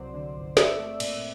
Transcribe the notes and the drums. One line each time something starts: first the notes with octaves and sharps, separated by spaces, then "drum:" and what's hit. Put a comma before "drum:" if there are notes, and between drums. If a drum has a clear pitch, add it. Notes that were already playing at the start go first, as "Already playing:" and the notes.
Already playing: C2 F#3 C5 D5
D3
G1
C4 D5 E5, drum: snare
A3
A#2, drum: cymbal